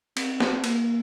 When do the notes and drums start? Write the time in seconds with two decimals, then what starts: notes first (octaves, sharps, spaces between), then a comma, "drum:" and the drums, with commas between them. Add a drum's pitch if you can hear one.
0.17 C4, drum: cymbal
0.40 drum: snare
0.64 A#3, drum: cymbal